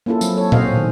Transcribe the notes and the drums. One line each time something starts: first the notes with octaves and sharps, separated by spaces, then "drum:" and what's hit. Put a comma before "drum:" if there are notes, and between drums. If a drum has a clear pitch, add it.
A#3 C#4 E4 F4 A4
F#3 C4, drum: tambourine
A4 C#5
C4 C#4 F#4 C5 D#5 F5, drum: tom A#2
B2 D#3